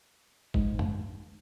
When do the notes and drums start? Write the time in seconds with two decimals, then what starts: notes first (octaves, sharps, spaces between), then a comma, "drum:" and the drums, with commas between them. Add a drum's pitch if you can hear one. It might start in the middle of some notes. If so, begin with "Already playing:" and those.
0.54 G#2, drum: kick
0.79 drum: tom